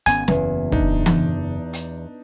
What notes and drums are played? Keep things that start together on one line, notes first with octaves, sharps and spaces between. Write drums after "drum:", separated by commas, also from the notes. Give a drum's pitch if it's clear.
G#1 B3 C#4 G#5, drum: hi-hat
F#1 E2 C#4, drum: snare
D4 D#4, drum: kick
drum: tom E3
drum: hi-hat